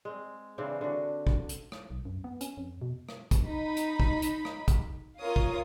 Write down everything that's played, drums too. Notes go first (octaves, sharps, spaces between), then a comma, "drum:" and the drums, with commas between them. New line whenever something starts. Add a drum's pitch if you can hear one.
G#3 C4
C#3 E3 C4 D4
D3 F#4
drum: kick
drum: hi-hat
drum: rim click
B1
F#2
B3
C#4, drum: hi-hat
F2
B2
drum: rim click
drum: kick, hi-hat
D#4 B5
drum: hi-hat
drum: kick
drum: hi-hat
drum: rim click
drum: kick, hi-hat
F4 A#4 C#5 F5 D#6
drum: kick